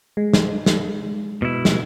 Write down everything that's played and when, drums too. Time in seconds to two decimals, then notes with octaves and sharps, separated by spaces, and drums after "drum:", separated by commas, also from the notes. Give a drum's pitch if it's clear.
0.17 G#3
0.34 drum: snare
0.66 drum: snare
1.42 B2 E4
1.65 drum: snare